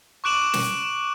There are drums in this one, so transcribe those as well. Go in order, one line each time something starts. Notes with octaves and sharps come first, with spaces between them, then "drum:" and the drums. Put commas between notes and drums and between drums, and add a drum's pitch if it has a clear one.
C#6 D6 F#6 D7 E7 F#7
drum: snare